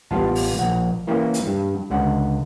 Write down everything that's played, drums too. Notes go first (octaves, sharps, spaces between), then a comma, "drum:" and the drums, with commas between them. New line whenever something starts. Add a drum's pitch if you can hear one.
A1 G3 B3 F4 F5 A5, drum: kick
drum: open hi-hat
A#1 F#5
E3 A#3 C#4 G5
drum: hi-hat
G2
C#2 D3 F#5